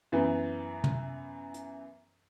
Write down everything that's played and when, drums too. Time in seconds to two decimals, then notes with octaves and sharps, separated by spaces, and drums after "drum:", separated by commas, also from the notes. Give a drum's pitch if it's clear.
0.12 F#2 E3 B3
0.84 drum: tom
1.54 drum: hi-hat